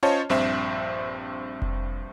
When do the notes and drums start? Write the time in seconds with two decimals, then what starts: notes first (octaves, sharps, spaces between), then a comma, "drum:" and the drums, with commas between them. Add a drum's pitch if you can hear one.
0.03 C#4 F4 C5 C#5 D#5 A5
0.29 A#1 G2 C4 C5 E5
1.62 drum: kick F1